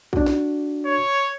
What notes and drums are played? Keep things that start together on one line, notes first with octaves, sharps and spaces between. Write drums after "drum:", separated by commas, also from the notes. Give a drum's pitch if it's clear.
D4 F#4, drum: kick B1
drum: snare
C#5